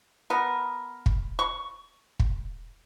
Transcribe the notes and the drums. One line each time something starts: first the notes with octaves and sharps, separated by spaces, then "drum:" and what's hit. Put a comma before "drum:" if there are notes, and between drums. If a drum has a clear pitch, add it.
B3 A#4
drum: kick
C#6
drum: kick